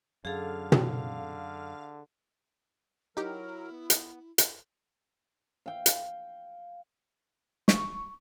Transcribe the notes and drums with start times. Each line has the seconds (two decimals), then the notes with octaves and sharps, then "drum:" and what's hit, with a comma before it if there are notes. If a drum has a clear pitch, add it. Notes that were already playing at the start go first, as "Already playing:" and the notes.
0.25 F#2 D3 G#4 A4 F5
0.72 drum: tom
3.17 F#3 D#4 E4 G4 A#4
3.71 B3
3.90 drum: hi-hat
4.38 drum: hi-hat
5.66 F5 G5
5.86 drum: hi-hat
7.68 C#6, drum: snare